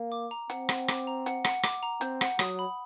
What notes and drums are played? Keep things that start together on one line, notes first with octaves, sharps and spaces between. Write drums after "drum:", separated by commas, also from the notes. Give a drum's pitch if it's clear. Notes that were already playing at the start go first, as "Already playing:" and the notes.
Already playing: A#3
D6
A#5
C4 F#5, drum: hi-hat
F#5, drum: rim click
D6, drum: rim click
A#5
F#5, drum: hi-hat
F#5, drum: rim click
D6, drum: rim click
A#5
C4 G6, drum: hi-hat
F#5, drum: rim click
F#3 D#6, drum: rim click
B5